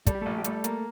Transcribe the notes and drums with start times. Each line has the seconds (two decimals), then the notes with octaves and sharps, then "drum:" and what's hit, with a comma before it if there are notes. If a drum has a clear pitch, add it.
0.07 G3 A4, drum: kick, hi-hat
0.15 G4
0.21 A#1 A3 A4
0.38 G4
0.44 G3 A3 A4, drum: hi-hat
0.64 A#3, drum: hi-hat